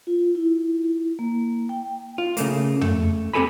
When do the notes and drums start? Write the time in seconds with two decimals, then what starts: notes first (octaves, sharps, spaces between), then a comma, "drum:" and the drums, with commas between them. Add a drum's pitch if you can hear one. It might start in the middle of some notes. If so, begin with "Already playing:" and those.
0.07 F4
0.35 E4
1.19 A#3
1.69 G5
2.18 F4
2.37 C#3 A3 A#3, drum: hi-hat
2.81 A3, drum: tom
3.33 C4 G4 A4 G#5 B5